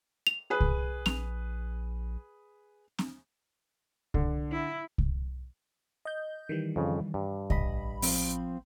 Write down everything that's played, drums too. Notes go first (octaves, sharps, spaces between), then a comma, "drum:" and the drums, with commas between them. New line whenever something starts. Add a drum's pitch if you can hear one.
F7
G#4 B4
drum: kick C2
A#1 F7, drum: snare C4
drum: snare C4
D3, drum: kick C2
E4
drum: kick C2
D#5 G6
D#3 E3 G3
F2 C#3
G2
A1 D#5 B5, drum: kick C2
F3 C4, drum: open hi-hat